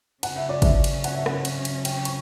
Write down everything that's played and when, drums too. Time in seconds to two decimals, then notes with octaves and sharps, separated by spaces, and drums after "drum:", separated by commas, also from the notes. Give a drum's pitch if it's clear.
0.23 C#3 F#3 C#4 F#5, drum: cymbal
0.36 E5
0.49 D5
0.62 E5, drum: kick, cymbal
0.84 drum: cymbal
1.04 F#5, drum: cymbal
1.15 E5
1.26 F#5, drum: rim click
1.45 drum: cymbal
1.65 drum: cymbal
1.85 G5, drum: cymbal
2.05 C#6, drum: cymbal